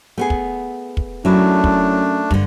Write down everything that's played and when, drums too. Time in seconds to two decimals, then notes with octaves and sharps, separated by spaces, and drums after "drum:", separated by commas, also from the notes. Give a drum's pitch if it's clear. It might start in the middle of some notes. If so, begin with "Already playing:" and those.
0.18 A3 B3 G#4
0.30 drum: kick
0.97 drum: kick
1.25 F#2 F#3 A3 D4 E4
1.64 drum: kick
2.31 G2 D3, drum: kick